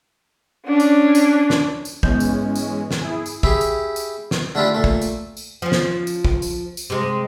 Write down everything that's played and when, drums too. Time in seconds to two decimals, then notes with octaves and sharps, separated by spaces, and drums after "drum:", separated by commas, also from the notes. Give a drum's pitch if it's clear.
0.67 C#4 D4
0.80 drum: tambourine
1.15 drum: tambourine
1.50 drum: snare
1.85 drum: tambourine
2.03 G#2 E3 G#3 B3 C#4 G6, drum: kick
2.20 drum: tambourine
2.55 drum: tambourine
2.91 drum: snare
3.02 E4 G#4
3.26 drum: tambourine
3.43 E4 G4 G#4, drum: kick
3.61 drum: tambourine
3.96 drum: tambourine
4.31 drum: snare
4.55 D3 A3 D4 E4 F4 G4
4.74 A#2 A3
4.84 drum: kick
5.01 drum: tambourine
5.37 drum: tambourine
5.62 F3 C#4
5.72 drum: snare
6.07 drum: tambourine
6.25 drum: kick
6.42 drum: tambourine
6.77 drum: tambourine
6.90 C3 G#3